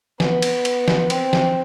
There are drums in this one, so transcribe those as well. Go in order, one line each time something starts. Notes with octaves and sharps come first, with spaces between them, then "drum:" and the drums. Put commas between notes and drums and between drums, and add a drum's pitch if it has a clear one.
B3, drum: snare
drum: cymbal
drum: cymbal
drum: snare
C4, drum: cymbal
drum: snare